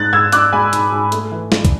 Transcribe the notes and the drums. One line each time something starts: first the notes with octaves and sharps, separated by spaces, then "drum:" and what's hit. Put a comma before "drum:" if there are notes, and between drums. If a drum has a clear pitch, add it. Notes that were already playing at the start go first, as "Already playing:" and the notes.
Already playing: G#2 G#3 D4 F#6 A6
G#2 E6 G#6
D4 D6 F#6, drum: hi-hat
G#3 G#5 B5
G#2, drum: hi-hat
G#2
A3, drum: hi-hat
E3
D4, drum: snare
drum: kick, hi-hat